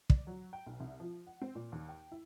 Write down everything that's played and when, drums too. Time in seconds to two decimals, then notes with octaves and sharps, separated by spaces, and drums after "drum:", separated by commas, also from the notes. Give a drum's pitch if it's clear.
0.10 D5, drum: kick
0.27 F#3
0.53 G5
0.66 B1
0.80 C2
1.00 F3
1.27 F#5
1.42 C4
1.55 A#2
1.72 D#2
1.89 G5
2.12 E4